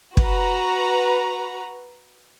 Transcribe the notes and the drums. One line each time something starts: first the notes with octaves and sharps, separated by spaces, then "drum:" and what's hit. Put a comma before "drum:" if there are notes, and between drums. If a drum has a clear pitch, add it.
F#4 B4 A#5, drum: kick